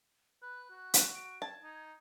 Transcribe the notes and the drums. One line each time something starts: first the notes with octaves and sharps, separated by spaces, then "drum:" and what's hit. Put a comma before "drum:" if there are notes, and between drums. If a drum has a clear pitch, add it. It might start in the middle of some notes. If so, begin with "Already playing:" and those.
B4 F#6
F#4
drum: hi-hat
D7
A5 G#6
D#4